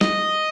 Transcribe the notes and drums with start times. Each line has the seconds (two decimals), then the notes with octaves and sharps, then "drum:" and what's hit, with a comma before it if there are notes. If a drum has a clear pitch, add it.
0.01 D#5, drum: snare